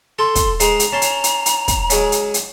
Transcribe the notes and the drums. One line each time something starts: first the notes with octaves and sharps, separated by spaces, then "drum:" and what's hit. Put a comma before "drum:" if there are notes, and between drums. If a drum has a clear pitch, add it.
A4 C6
drum: kick, hi-hat
G#3 C5 A#5, drum: hi-hat
drum: hi-hat
C#4 A5 C6
drum: hi-hat
drum: hi-hat
drum: hi-hat
drum: kick, hi-hat
F#3 G#3 C#4, drum: hi-hat
drum: hi-hat
drum: hi-hat